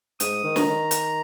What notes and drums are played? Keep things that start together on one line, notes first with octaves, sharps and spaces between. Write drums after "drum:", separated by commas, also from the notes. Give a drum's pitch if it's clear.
G#2 D#6, drum: hi-hat
D#3
A#5, drum: snare
D#3
drum: hi-hat